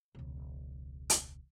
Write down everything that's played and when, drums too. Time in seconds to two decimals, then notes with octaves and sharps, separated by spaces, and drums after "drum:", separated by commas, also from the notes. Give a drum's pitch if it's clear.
0.15 E1 C#2
1.10 drum: hi-hat